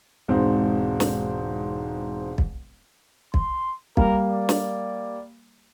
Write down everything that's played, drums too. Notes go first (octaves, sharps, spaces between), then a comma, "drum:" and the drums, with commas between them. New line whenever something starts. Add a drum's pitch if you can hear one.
E1 G#2 C4
drum: snare
drum: kick
C6, drum: kick
G3 A#3 A#4, drum: kick
D5
drum: snare